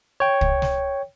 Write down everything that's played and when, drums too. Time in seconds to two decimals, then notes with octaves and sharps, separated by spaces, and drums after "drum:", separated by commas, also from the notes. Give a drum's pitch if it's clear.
0.20 C#5 G5
0.41 drum: kick
0.62 drum: snare